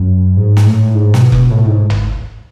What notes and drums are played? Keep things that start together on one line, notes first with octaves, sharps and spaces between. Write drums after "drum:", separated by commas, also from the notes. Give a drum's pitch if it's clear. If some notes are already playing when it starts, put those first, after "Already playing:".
Already playing: F#2
G#2
drum: snare
A2
G#2
B2, drum: snare
B2, drum: kick F1
A2
G#2
drum: tom